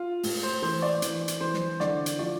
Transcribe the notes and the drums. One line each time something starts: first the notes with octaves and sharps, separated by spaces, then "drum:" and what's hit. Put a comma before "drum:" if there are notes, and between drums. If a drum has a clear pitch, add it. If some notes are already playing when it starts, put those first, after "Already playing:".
Already playing: F4
A2, drum: open hi-hat
C5
E3 C5
D5
E3, drum: hi-hat
drum: hi-hat
E3 C5
drum: snare
D3 D5, drum: snare
drum: hi-hat
F3 D5